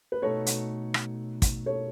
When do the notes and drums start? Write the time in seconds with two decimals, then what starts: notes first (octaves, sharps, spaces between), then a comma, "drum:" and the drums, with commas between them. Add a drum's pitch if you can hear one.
0.12 B4
0.22 B2 A3 D#4 F#4 A4 C#5
0.46 drum: hi-hat
0.94 drum: rim click
1.42 drum: kick, hi-hat
1.66 A4 C#5